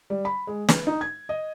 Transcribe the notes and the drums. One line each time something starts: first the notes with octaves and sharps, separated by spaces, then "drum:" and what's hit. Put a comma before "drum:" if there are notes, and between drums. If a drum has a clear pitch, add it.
G3
B5
G#3
B4, drum: snare
D#4
G#6
D#5